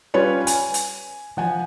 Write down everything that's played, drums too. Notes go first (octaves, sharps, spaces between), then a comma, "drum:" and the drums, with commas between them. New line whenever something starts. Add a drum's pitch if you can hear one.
G3 C#4 F4 B4 C#5
G#5, drum: hi-hat
drum: hi-hat
F3 F#5 G#5